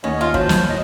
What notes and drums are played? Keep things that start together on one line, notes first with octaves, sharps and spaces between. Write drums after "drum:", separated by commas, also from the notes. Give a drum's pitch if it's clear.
D#2 B3 C#4 C#5 D#5
F4
F#3 C5 A5, drum: kick
drum: snare
A2 D#5